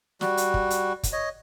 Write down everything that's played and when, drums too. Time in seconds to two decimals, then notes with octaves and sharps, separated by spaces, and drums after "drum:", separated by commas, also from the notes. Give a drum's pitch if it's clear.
0.21 G3 F#4, drum: snare
0.37 drum: hi-hat
0.54 drum: kick
0.70 drum: hi-hat
1.03 drum: kick, hi-hat
1.13 C#5 D#5